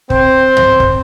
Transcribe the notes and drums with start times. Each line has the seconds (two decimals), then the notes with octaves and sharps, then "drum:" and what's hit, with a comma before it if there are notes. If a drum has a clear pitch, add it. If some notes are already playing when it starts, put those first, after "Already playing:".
0.10 C4 C5, drum: kick
0.57 drum: tom
0.80 drum: kick